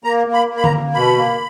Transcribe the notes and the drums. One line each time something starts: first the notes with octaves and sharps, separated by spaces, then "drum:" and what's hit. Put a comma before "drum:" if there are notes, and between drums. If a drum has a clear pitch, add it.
A#3 A#5
A#3
B5
A#3
B5
A#5, drum: tom D3
A#3
B2 B5
A#3